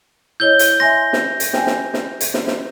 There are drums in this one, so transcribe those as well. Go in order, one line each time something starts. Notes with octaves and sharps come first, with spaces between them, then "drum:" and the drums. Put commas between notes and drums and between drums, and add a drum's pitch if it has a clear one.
E4 C#5 D#5 G6 G7
drum: hi-hat
E5 G#5 C6 A#6
drum: snare
drum: hi-hat
G5 G#5, drum: snare
drum: snare
drum: snare
drum: hi-hat
drum: snare
drum: snare